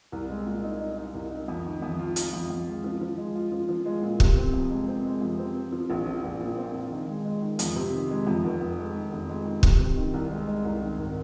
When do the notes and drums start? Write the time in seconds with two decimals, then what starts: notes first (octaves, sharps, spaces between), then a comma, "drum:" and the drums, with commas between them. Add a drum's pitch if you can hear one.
0.12 C2
0.30 G#3
0.47 A#2
0.63 D#4
0.80 D#4
0.97 D#4
1.14 C2
1.31 D#4
1.48 F2
1.65 D#3
1.82 F2
1.99 F4
2.16 F4, drum: hi-hat
2.33 F2
2.50 F2
2.67 G#3
2.84 F3
3.01 F3
3.18 G#3
3.35 F4
3.52 F3
3.69 F3
3.86 G#3
4.03 A#2
4.20 C3, drum: kick
4.37 C4
4.53 F2
4.70 G#3
4.88 C4
5.05 G#3
5.21 F2
5.38 C4
5.56 C4
5.72 F3
5.90 A#1
6.06 F3
6.23 A#1
6.40 A#2
6.57 C4
6.74 A#1
6.92 D#3
7.08 G#3
7.25 G#3
7.42 D#3
7.59 F2, drum: hi-hat
7.76 C3
7.93 D#3
8.10 G#3
8.27 F2
8.44 F1
8.61 F1
8.78 G#3
8.95 D#3
9.12 F1
9.29 G#3
9.45 D#3
9.63 C3, drum: kick
9.80 C3
9.97 D#3
10.14 C2
10.31 G#3
10.47 G#3
10.65 C2
10.82 D#3
10.98 G#1